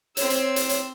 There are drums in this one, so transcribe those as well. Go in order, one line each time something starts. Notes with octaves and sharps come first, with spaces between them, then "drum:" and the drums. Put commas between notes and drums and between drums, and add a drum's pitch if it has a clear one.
C4 C#5 E6, drum: hi-hat
drum: hi-hat
drum: hi-hat
drum: hi-hat